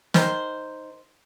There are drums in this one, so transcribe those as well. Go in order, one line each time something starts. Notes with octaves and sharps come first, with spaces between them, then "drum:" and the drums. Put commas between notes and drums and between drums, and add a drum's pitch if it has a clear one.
D#3 C5, drum: snare